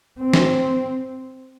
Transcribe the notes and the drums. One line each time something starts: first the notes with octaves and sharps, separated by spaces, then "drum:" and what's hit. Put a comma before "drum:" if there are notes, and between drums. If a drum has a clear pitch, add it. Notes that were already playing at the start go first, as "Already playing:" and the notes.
C4
drum: snare